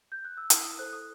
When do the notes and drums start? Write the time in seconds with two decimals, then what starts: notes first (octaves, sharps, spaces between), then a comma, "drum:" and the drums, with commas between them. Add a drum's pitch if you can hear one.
0.12 G6
0.25 F#6
0.37 E6
0.50 E4 D#6, drum: hi-hat
0.64 D#6
0.79 A4 C5 F#6
0.93 D#6